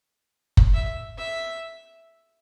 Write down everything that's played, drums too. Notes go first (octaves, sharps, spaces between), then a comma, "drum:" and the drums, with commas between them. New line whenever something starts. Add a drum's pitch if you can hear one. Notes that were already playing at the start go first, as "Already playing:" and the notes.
drum: kick F#1
E5
E5